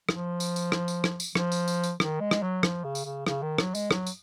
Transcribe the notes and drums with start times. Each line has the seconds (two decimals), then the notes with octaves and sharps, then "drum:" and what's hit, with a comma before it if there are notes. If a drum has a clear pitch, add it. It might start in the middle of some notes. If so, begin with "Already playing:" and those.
0.09 F3, drum: rim click
0.40 drum: tambourine
0.56 drum: tambourine
0.72 drum: rim click
0.88 drum: tambourine
1.04 drum: rim click
1.20 drum: tambourine
1.35 F3, drum: rim click
1.52 drum: tambourine
1.68 drum: tambourine
1.84 drum: tambourine
2.00 D#3, drum: rim click
2.20 G#3
2.31 drum: rim click
2.42 F#3
2.63 F3, drum: rim click
2.84 C#3
2.95 drum: tambourine
3.05 C#3
3.27 C#3, drum: rim click
3.42 D#3
3.58 F#3, drum: rim click
3.75 G#3, drum: tambourine
3.91 F#3, drum: rim click
4.07 drum: tambourine